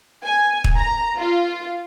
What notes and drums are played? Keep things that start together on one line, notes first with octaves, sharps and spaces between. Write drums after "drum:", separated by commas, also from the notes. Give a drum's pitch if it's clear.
G#5
drum: kick
A#5
F4